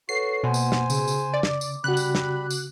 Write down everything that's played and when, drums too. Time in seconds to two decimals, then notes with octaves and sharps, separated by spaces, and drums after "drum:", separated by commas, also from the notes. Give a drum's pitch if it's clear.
0.09 F#4 A4 B4 C#5 C7
0.44 B2 A#3 C5 F#5 G#5
0.54 drum: tambourine
0.72 drum: snare
0.90 C#3 G#4, drum: tambourine
1.08 drum: tambourine
1.34 D5 D6
1.43 drum: snare
1.61 drum: tambourine
1.84 C#3 G3 F#4 B5 F#6
1.97 drum: tambourine
2.15 drum: snare
2.50 drum: tambourine